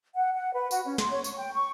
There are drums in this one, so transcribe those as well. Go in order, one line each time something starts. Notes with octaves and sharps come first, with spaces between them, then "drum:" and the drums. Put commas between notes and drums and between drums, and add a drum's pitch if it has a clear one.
F#5
F#5
B4
F#4, drum: tambourine
C#4
C6, drum: snare
C#5
C#6, drum: tambourine
G5
C#6